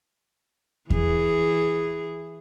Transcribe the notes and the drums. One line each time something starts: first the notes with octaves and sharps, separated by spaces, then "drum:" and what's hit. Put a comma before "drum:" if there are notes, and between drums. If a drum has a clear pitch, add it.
E3 G#4, drum: kick E2